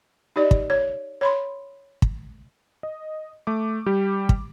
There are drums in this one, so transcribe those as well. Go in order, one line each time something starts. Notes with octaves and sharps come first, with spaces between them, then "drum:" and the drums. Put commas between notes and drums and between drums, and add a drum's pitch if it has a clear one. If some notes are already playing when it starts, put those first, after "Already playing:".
D#4 G4 D5 D#5
drum: kick
C#5
C#5 B5 C6
drum: kick
D#5
A3 D6
G3 G4
drum: kick